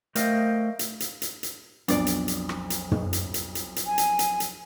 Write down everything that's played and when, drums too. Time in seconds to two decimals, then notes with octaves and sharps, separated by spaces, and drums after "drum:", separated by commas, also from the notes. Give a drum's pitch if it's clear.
0.15 A3 A#4 C5 D#5 F5 G5, drum: hi-hat
0.79 drum: hi-hat
1.00 drum: hi-hat
1.22 drum: hi-hat
1.43 drum: hi-hat
1.88 B1 F2 D4 D5, drum: hi-hat
2.07 drum: hi-hat
2.28 drum: hi-hat
2.49 drum: rim click
2.70 drum: hi-hat
2.91 drum: tom
3.13 drum: hi-hat
3.34 drum: hi-hat
3.55 drum: hi-hat
3.76 drum: hi-hat
3.87 G#5
3.98 drum: hi-hat
4.19 drum: hi-hat
4.40 drum: hi-hat